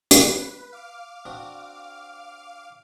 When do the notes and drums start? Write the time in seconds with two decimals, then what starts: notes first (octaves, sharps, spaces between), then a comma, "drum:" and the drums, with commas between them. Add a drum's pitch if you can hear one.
0.11 B4, drum: hi-hat
0.72 F5 D6 F6
1.25 C4 D4 F#4